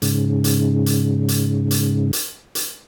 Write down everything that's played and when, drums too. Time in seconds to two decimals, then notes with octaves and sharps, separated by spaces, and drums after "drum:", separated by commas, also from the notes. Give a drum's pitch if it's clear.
0.02 G#2 C#3, drum: hi-hat
0.44 drum: hi-hat
0.86 drum: hi-hat
1.28 drum: hi-hat
1.71 drum: hi-hat
2.13 drum: hi-hat
2.55 drum: hi-hat